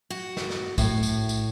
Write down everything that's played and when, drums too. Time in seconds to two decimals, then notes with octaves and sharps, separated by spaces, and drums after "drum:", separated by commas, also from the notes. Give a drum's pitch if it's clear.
0.10 F#4
0.37 drum: snare
0.50 drum: snare
0.78 A2, drum: kick, tambourine
1.03 drum: tambourine
1.29 drum: tambourine